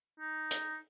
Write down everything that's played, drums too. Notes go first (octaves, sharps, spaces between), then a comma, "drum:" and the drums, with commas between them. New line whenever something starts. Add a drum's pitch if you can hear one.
D#4
drum: hi-hat